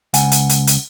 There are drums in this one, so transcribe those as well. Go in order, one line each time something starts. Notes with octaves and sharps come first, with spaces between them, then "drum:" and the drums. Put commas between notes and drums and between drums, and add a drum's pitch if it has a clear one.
C#2 F#5 G#5, drum: hi-hat
drum: hi-hat
drum: hi-hat
drum: hi-hat